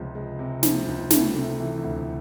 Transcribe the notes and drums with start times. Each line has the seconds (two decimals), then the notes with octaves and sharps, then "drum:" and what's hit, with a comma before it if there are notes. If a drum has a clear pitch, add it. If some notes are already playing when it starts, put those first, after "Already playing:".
Already playing: C#2 C3 F3 G#3
0.15 G#3
0.39 C3
0.63 F3, drum: snare
0.86 C#2
1.10 A3, drum: snare
1.35 C3
1.60 E3
1.84 D2